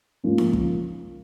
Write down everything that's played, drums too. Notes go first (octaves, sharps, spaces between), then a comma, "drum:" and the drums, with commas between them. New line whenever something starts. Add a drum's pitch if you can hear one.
G#2 F3 A#3 C#4 F4
drum: snare D#4
F4, drum: kick